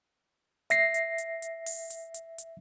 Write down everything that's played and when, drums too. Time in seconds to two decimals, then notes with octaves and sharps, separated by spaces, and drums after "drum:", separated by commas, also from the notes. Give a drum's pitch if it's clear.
0.70 E5 A#6 C7, drum: hi-hat
0.94 drum: hi-hat
1.18 drum: hi-hat
1.42 drum: hi-hat
1.66 drum: open hi-hat
1.90 drum: hi-hat
2.14 drum: hi-hat
2.38 drum: hi-hat